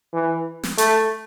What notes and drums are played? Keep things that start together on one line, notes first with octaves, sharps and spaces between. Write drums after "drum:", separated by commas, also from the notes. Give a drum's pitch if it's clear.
E3
drum: snare
A3, drum: hi-hat